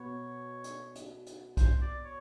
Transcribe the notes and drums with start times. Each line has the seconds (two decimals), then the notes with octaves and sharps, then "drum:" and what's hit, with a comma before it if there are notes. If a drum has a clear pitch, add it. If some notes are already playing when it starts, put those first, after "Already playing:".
Already playing: B2 B3 C#5
0.64 drum: hi-hat
0.95 drum: hi-hat
1.26 drum: hi-hat
1.57 C5, drum: kick B1, hi-hat
1.82 D5
2.04 C#5